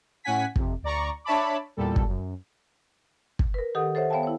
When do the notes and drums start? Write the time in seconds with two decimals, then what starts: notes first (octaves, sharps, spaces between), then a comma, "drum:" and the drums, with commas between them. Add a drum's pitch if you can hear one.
0.24 A2 C#4 F#5 G#5 B6
0.56 F2 C3, drum: kick
0.83 D2 D5 A#5 C#6
1.24 D4 C#5 E5 A5 B5 D6
1.77 E2 A#2 G3 A4
1.96 drum: kick
2.07 F#2
3.39 drum: kick
3.54 A#4 B4
3.75 D#3 G4 A4 F#5 D#6
3.95 A4 C5 C#5 E5 F#5
4.10 B3 C#5 E5 F5 G5 A5
4.23 E4 C#5